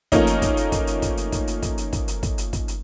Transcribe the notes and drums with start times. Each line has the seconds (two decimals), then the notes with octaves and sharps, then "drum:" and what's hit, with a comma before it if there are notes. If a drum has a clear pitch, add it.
0.12 F3 A3 A#3 C#4 D#4, drum: kick, hi-hat
0.27 drum: hi-hat
0.42 drum: kick, hi-hat
0.57 drum: hi-hat
0.72 drum: kick, hi-hat
0.87 drum: hi-hat
1.02 drum: kick, hi-hat
1.17 drum: hi-hat
1.32 drum: kick, hi-hat
1.47 drum: hi-hat
1.63 drum: kick, hi-hat
1.78 drum: hi-hat
1.93 drum: kick, hi-hat
2.08 drum: hi-hat
2.23 drum: kick, hi-hat
2.38 drum: hi-hat
2.53 drum: kick, hi-hat
2.68 drum: hi-hat